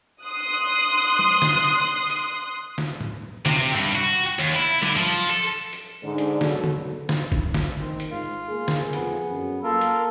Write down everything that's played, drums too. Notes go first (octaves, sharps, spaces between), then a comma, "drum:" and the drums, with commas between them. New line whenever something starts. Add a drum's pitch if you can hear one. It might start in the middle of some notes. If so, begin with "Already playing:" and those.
C6 D#6 F#6
drum: tom F#3
drum: snare
drum: hi-hat
drum: hi-hat
drum: snare
drum: tom
C3, drum: snare
G2
F#4
D#2
E4
D3, drum: tom F#3
F3
A4, drum: hi-hat
drum: hi-hat
G#2 D3
drum: hi-hat
B2 F#3 A4, drum: snare
drum: tom
drum: snare
drum: kick
drum: snare
D#3 C4
drum: hi-hat
G#2 F4
A#3 G#4
drum: snare
F2 B3, drum: hi-hat
F#2
A#3 F4 A4 A#4
drum: hi-hat